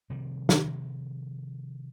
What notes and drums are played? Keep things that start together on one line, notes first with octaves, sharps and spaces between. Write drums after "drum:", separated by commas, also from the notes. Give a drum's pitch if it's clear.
C3 D#3 F3 G3
drum: snare